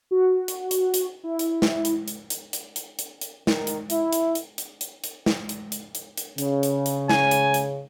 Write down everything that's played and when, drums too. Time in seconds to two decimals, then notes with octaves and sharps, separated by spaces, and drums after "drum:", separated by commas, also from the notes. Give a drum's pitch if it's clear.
0.11 F#4
0.48 drum: hi-hat
0.71 drum: hi-hat
0.94 drum: hi-hat
1.24 E4
1.39 drum: hi-hat
1.62 drum: snare
1.85 drum: hi-hat
2.08 drum: hi-hat
2.30 drum: hi-hat
2.53 drum: hi-hat
2.76 drum: hi-hat
2.99 drum: hi-hat
3.21 drum: hi-hat
3.47 D#3, drum: snare
3.67 drum: hi-hat
3.90 E4, drum: hi-hat
4.13 drum: hi-hat
4.35 drum: hi-hat
4.58 drum: hi-hat
4.81 drum: hi-hat
5.04 drum: hi-hat
5.26 drum: snare
5.49 drum: hi-hat
5.72 drum: hi-hat
5.95 drum: hi-hat
6.17 drum: hi-hat
6.38 C#3, drum: hi-hat
6.63 drum: hi-hat
6.86 drum: hi-hat
7.09 G#5, drum: snare
7.31 drum: hi-hat
7.54 drum: hi-hat